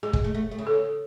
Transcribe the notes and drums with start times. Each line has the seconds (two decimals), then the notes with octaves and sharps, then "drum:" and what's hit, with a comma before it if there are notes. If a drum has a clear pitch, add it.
0.03 G#3 G#4
0.13 G#3, drum: kick
0.24 A3
0.35 A3
0.51 A3
0.58 C#3
0.67 A4